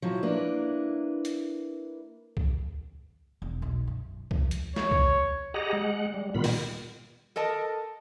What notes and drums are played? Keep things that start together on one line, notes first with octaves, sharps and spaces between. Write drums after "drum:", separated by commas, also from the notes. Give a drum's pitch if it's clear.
F3 F#3 E4
A#3 D4 E4 B4
drum: hi-hat
drum: kick C2
E1
B1
F#2
F3, drum: kick C2
drum: hi-hat
C#5, drum: snare
drum: kick C2
G4 G#4 D#5 F#5 A#5
G#3 F#5
G3
A#2 D#3 G3 B3 F4 B5
drum: open hi-hat
A4 A#4 D#5 A5